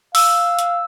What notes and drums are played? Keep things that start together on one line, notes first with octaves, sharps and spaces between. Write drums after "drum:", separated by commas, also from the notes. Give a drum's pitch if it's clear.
F5 E6, drum: open hi-hat
drum: hi-hat